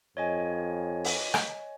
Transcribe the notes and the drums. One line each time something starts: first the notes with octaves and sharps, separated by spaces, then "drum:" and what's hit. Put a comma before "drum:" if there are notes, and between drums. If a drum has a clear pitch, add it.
F2 C#5 D#5 G#5
drum: open hi-hat
drum: rim click